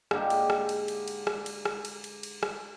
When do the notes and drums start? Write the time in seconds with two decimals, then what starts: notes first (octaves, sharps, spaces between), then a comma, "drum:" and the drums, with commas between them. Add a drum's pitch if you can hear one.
0.11 G#2 D3 A#3 G4, drum: rim click
0.30 drum: cymbal
0.50 drum: rim click
0.69 drum: cymbal
0.88 drum: cymbal
1.08 drum: cymbal
1.27 drum: rim click
1.46 drum: cymbal
1.65 drum: rim click
1.85 drum: cymbal
2.04 drum: cymbal
2.23 drum: cymbal
2.43 drum: rim click